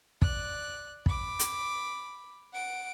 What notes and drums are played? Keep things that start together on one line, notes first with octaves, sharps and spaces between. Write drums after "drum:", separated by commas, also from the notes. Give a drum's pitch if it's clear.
D5 F#6, drum: kick
B5 D6, drum: kick
drum: hi-hat
F#5 D7